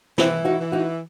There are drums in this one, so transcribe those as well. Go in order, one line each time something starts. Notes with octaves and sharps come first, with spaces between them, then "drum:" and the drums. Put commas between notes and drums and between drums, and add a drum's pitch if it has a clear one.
E3 C4 E4, drum: snare
D#4 F#4
E3
D#4 F#4